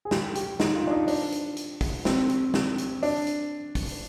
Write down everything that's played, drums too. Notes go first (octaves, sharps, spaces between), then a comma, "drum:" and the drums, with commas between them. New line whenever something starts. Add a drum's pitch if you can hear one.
G#4
G4, drum: snare
G4, drum: hi-hat
D#4, drum: snare
F4
D4
D#4
D4, drum: open hi-hat
drum: hi-hat
drum: hi-hat
drum: kick, open hi-hat
C4, drum: snare
drum: hi-hat
drum: snare
drum: hi-hat
D4, drum: open hi-hat
drum: hi-hat
drum: kick, open hi-hat